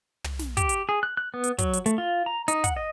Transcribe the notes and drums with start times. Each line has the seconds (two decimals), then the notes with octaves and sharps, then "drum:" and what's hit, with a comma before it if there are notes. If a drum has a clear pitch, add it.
0.24 drum: tom
0.39 drum: snare
0.57 G4, drum: kick, hi-hat
0.69 drum: hi-hat
0.89 G#4
1.03 F#6
1.17 F#6
1.34 B3
1.44 drum: hi-hat
1.58 F#3, drum: kick, hi-hat
1.73 drum: hi-hat
1.86 A3, drum: hi-hat
1.98 F4
2.26 A#5
2.48 D#4, drum: hi-hat
2.64 F#5, drum: kick, hi-hat
2.77 D#5